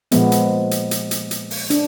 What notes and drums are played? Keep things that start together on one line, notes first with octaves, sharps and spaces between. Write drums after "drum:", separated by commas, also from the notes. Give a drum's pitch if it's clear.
A#2 F3 G#3 B3, drum: hi-hat
drum: hi-hat
drum: hi-hat
drum: hi-hat
drum: hi-hat
drum: hi-hat
drum: open hi-hat
D4, drum: hi-hat